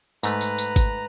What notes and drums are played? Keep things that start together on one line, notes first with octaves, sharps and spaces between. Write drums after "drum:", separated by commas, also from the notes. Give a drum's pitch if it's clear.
G#2 A3 B4 A#5, drum: tambourine
drum: tambourine
drum: tambourine
drum: kick G#1, tambourine